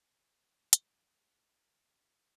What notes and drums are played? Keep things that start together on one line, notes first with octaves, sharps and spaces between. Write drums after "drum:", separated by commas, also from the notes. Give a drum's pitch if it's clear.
A3
G#5
E2
E4
A3, drum: hi-hat
F5
A3
F#5
A#4
F3
F4